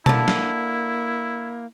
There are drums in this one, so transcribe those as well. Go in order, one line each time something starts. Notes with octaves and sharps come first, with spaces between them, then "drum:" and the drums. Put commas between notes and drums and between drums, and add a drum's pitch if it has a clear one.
D3 A#3 E4 A5, drum: tom B2
drum: snare